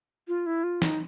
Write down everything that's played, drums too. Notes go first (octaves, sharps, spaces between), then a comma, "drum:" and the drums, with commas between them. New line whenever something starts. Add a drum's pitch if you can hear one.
F4
E4
F4
D#4, drum: snare